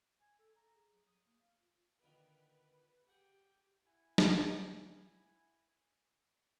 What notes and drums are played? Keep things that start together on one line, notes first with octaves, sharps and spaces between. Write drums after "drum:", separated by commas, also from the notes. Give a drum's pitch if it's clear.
G#5
A4
A#5
G#4
F#3
D#6
A#3
F5
F4
A#2 D3 D#3 B4
G4 G#4 F#5 G5
E4 E5 F#5 G#5
drum: snare